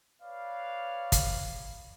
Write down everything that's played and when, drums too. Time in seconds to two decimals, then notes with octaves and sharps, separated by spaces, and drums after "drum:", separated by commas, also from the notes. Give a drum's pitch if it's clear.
0.22 B4 C#5 D5 F5
1.12 drum: kick, hi-hat